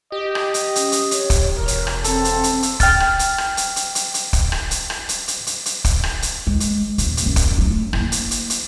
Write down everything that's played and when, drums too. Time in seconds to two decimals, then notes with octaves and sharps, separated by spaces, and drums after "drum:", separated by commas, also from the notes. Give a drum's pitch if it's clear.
0.12 G4 D#5
0.35 drum: rim click
0.54 drum: hi-hat
0.76 C#4, drum: hi-hat
0.92 drum: hi-hat
1.11 C#5, drum: hi-hat
1.30 drum: kick, hi-hat
1.57 E1 A#4 C#5
1.68 drum: hi-hat
1.87 drum: rim click
2.04 C4 A4, drum: hi-hat
2.25 drum: hi-hat
2.43 drum: hi-hat
2.62 drum: hi-hat
2.80 G5 F6 A6, drum: kick, hi-hat
3.00 drum: rim click
3.19 drum: hi-hat
3.38 drum: rim click
3.57 drum: hi-hat
3.76 drum: hi-hat
3.95 drum: hi-hat
4.14 drum: hi-hat
4.33 drum: kick, hi-hat
4.52 drum: rim click
4.71 drum: hi-hat
4.90 drum: rim click
5.09 drum: hi-hat
5.28 drum: hi-hat
5.47 drum: hi-hat
5.66 drum: hi-hat
5.85 drum: kick, hi-hat
6.03 drum: rim click
6.22 drum: hi-hat
6.47 G#3
6.60 drum: hi-hat
6.98 D#1, drum: hi-hat
7.17 drum: hi-hat
7.26 F#2
7.36 drum: kick, hi-hat
7.58 F#3 A3
7.93 A#3 E4, drum: rim click
8.12 drum: hi-hat
8.31 drum: hi-hat
8.50 drum: hi-hat